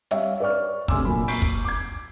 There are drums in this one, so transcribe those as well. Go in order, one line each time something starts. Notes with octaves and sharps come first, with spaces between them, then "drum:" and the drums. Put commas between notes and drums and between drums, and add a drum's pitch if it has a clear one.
G3 C#5 E5 F5, drum: hi-hat
B4 C#5 D5 C#6 F6
D2 C3 G#5 C6 D6 E6, drum: kick
A#2 F#3 B5
C#6 G6 B6 C7 D7, drum: open hi-hat
drum: kick
D6 G#6